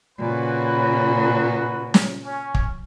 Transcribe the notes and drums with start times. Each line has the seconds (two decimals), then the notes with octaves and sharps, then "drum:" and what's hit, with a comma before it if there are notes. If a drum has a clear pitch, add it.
0.18 A#2 C#3 F#4 B4
1.94 drum: snare
2.24 C#4
2.55 drum: kick